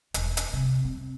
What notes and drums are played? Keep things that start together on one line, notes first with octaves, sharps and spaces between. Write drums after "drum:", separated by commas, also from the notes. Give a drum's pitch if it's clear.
E1, drum: hi-hat
drum: hi-hat
C3
C4